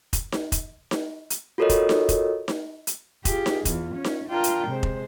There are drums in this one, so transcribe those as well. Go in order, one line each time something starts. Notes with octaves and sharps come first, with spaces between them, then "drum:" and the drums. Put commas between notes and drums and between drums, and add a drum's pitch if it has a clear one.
drum: kick F1, hi-hat
drum: snare D#4
drum: kick F1, hi-hat
drum: snare D#4
drum: hi-hat
F4 F#4 A4 A#4 C#5 D#5
drum: kick F1, hi-hat
drum: snare D#4
drum: kick F1, hi-hat
drum: snare D#4
drum: hi-hat
F4 G4 G#4, drum: kick F1, hi-hat
drum: snare D#4
E2 F4, drum: kick F1, hi-hat
C#4
drum: snare D#4
D4 F4 A#4 G5
drum: hi-hat
C3 G#3 C5
drum: kick F1